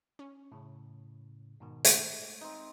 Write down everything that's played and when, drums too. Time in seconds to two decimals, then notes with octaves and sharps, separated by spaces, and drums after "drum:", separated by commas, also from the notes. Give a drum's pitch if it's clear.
0.19 C#4
0.52 A2 C#3
1.60 G#2 B2 D#3
1.85 D#3 G#3 A3, drum: hi-hat
2.41 C4 D#4